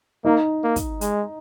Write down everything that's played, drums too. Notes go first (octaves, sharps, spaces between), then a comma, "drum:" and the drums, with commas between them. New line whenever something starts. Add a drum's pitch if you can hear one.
A#3 D#4
A#3
drum: kick, hi-hat
G#3, drum: hi-hat